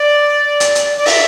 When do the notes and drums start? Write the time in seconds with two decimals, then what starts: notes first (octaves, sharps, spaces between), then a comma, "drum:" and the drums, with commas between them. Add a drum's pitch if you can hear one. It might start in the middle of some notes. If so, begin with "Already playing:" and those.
Already playing: D5
0.60 drum: hi-hat
0.75 drum: hi-hat
0.97 D5
1.06 E5, drum: open hi-hat